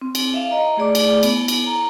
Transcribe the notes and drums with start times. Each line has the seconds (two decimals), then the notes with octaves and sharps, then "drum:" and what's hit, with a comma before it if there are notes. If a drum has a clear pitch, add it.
0.01 C4
0.15 drum: cymbal
0.34 E5 F5
0.51 D#5 A#5
0.77 A3 G#4 D5 D6
0.95 drum: cymbal
1.23 B3, drum: cymbal
1.48 drum: cymbal
1.66 A#5